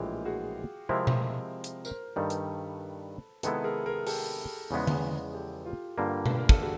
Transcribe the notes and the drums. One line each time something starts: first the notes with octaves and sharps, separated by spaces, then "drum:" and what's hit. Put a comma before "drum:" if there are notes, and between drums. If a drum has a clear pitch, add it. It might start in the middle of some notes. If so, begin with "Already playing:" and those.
Already playing: A#1 A2 E3 G#3 F4 G4
F#4 G#4
C3 F3 G#3 C4 E4 A#4 C5
drum: tom B2
drum: hi-hat
A#4 C5, drum: tambourine
G2 D#3 G3 A4 B4
drum: hi-hat
C3 D#3 G#3 B3 E4 A4 B4, drum: hi-hat
G#4 A#4
G#4 A#4
G4 A4, drum: open hi-hat
E2 C#3 F3 G#3 B3
drum: tom D3
G4 A4
F4 G4
G2 D3 G3 A#3 F4 G4
B4, drum: tom B2
A#4
A4, drum: kick
F#4 G#4